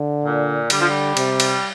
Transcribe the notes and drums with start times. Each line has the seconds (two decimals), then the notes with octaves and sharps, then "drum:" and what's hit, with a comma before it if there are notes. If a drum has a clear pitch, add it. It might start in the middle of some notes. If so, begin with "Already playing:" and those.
Already playing: D3
0.24 A#2
0.70 D3 G3, drum: cymbal
0.79 F3
0.88 G3
1.17 C3, drum: cymbal
1.40 drum: cymbal